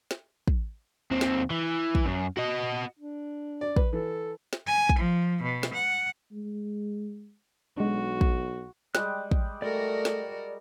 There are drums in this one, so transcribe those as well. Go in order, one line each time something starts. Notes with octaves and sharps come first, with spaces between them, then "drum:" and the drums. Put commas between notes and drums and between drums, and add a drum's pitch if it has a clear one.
drum: snare
drum: kick
D#2 C4
drum: snare
E3
drum: kick
F#2
F#4 D#5
D4
D5
B4, drum: kick
E3 A4
drum: snare
G#5
drum: kick
F3
B2
drum: snare
F#5
G#3
B1 G#3 D4 F#4
drum: kick
G3 G#3 G4 F#6, drum: snare
drum: kick
A3 F#4 A#4 D5
drum: snare